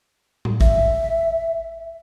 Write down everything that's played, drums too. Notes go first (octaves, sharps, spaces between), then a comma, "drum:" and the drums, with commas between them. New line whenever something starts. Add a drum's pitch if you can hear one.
drum: tom A2
E5, drum: kick